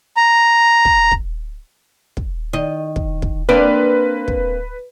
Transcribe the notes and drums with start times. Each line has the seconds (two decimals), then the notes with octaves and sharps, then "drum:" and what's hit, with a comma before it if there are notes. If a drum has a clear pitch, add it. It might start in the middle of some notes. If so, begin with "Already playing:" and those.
0.17 A#5
0.85 drum: kick
1.11 drum: kick
2.17 drum: kick
2.53 D#3 D#5
2.96 drum: kick
3.22 drum: kick
3.49 A#3 C4 D4 B4
4.28 drum: kick